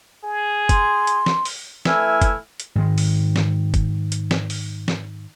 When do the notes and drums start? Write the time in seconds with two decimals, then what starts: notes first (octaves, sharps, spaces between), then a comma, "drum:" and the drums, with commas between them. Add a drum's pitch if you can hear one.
0.24 G#4
0.69 C6, drum: kick F#1, hi-hat
1.07 drum: hi-hat
1.26 drum: snare
1.45 drum: open hi-hat
1.85 E3 A3 E4 G#5 E6 F6, drum: snare
2.22 drum: kick F#1, hi-hat
2.60 drum: hi-hat
2.75 G#2 D#3 G#3
2.98 drum: open hi-hat
3.36 drum: snare
3.74 drum: kick F#1, hi-hat
4.12 drum: hi-hat
4.31 drum: snare
4.50 drum: open hi-hat
4.88 drum: snare